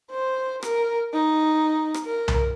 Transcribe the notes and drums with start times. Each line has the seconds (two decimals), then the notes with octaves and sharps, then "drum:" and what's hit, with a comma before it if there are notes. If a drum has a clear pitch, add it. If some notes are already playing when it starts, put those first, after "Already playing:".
0.11 C5
0.63 A#4, drum: rim click
1.13 D#4
1.94 drum: rim click
2.05 A#4
2.28 drum: tom C2